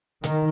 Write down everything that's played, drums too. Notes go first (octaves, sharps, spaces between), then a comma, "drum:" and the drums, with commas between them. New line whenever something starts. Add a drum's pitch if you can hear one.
D#3, drum: hi-hat